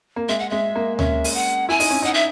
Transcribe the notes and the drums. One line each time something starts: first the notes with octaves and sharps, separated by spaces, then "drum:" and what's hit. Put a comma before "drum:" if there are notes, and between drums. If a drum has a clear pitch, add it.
A#3
G#3 E5
F#5
G#3 E5
A#3
C#4 E5, drum: tom D2
drum: open hi-hat
F#5
E4 G#5
D#4, drum: open hi-hat
C#4
D#4 F#5
E5